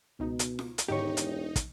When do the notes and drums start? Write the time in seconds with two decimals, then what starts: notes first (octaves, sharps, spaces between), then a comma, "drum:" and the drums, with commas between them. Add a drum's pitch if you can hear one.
0.20 C#2 B2 D#4
0.39 drum: hi-hat
0.59 drum: snare F4
0.78 drum: hi-hat
0.88 E1 D2 G#2 D#3 D#4 G4 C#5
1.17 drum: hi-hat
1.56 drum: kick, hi-hat